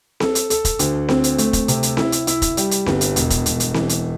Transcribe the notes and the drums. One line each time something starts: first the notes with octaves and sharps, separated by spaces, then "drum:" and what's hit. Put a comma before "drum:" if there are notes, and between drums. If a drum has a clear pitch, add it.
A4, drum: snare C4
drum: hi-hat
A4, drum: hi-hat
drum: kick, hi-hat
D2, drum: hi-hat
C4, drum: snare C4
drum: hi-hat
A3, drum: hi-hat
drum: kick, hi-hat
C3, drum: hi-hat
drum: hi-hat
E4, drum: snare C4
drum: hi-hat
E4, drum: hi-hat
drum: kick, hi-hat
G3, drum: hi-hat
drum: hi-hat
G1, drum: snare C4
drum: hi-hat
E1, drum: hi-hat
drum: kick, hi-hat
E1, drum: hi-hat
drum: hi-hat
E3, drum: snare C4
drum: hi-hat